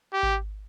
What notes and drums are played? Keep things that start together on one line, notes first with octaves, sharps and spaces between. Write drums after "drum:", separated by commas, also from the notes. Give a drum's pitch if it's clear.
G4
drum: kick G#1